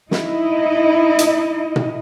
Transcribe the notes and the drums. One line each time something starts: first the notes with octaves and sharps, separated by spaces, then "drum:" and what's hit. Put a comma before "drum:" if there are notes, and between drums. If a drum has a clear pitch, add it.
D#4 E4 D#5, drum: snare
drum: hi-hat
drum: tom A#2